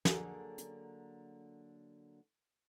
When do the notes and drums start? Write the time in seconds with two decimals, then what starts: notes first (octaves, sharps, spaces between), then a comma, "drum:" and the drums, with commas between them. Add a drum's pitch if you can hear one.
0.05 D3 F#3 A#3 D4 G#4 A4, drum: snare
0.58 drum: hi-hat